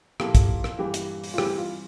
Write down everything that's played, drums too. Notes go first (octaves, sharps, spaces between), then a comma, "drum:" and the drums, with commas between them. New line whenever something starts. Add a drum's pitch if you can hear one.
A#2 F3 A#3 E4 G4 A4, drum: rim click
drum: kick, hi-hat
drum: rim click
G2 E3 A#3 G4
drum: hi-hat
drum: open hi-hat
F4
E3 G3 C4 E4 G4, drum: rim click
F4